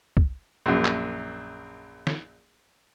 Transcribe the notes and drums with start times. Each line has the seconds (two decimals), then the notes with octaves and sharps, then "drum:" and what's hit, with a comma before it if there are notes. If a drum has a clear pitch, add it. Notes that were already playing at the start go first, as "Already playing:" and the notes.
0.17 drum: kick C2
0.66 A#1 F#2
0.85 drum: clap
2.07 drum: snare